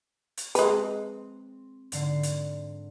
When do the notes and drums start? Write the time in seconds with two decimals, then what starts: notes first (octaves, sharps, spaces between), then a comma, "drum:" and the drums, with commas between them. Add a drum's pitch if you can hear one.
0.37 drum: hi-hat
0.55 G#3 C4 B4, drum: hi-hat
1.92 G#2 D3 C7, drum: hi-hat
2.23 drum: hi-hat